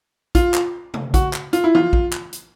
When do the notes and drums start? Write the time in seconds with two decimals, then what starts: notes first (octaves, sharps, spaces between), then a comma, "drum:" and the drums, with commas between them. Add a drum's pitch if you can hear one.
0.35 F4, drum: kick, hi-hat
0.54 drum: clap
0.94 drum: tom C3
1.14 F#4, drum: kick, hi-hat
1.33 drum: clap
1.53 F4, drum: hi-hat
1.64 E4
1.75 F4, drum: tom E3
1.93 drum: kick
2.13 drum: clap
2.33 drum: hi-hat